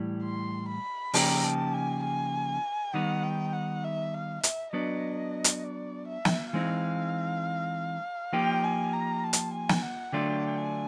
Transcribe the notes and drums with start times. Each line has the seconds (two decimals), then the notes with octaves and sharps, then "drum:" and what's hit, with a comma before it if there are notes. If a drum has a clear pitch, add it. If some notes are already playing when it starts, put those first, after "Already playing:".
Already playing: A2 E3 G3
0.24 C6
0.69 B5
1.14 C#3 F3 A#3 D#4 G4 A#5, drum: open hi-hat
1.43 A5
1.74 G#5
2.04 G#5
2.94 D#3 G3 B3 D#4 F#5
3.23 G5
3.53 F#5
3.84 E5
4.14 F5
4.43 E5, drum: hi-hat
4.73 F#3 B3 D4 D#5
5.44 drum: hi-hat
5.63 D5
6.08 E5
6.25 drum: snare
6.53 E3 G#3 C4 D#4 F5
8.33 F3 A#3 D#4 G4 G5
8.63 G#5
8.92 A#5
9.23 A5
9.33 drum: hi-hat
9.53 G#5
9.69 drum: snare
9.82 F#5
10.12 D3 F#3 A3 D4 F4 G5
10.57 G#5